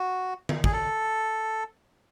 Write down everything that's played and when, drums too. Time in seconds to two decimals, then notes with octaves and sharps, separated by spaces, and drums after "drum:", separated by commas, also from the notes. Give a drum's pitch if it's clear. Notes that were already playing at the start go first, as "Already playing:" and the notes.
Already playing: F#4
0.49 drum: tom D3
0.64 G#4, drum: kick
0.73 A4